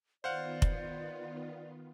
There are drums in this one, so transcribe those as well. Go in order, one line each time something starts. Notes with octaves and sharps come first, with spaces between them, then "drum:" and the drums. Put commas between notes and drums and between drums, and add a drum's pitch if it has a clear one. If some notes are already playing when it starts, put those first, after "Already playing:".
D#3 B3 F4 C5 D5 F5 F#5
drum: kick F1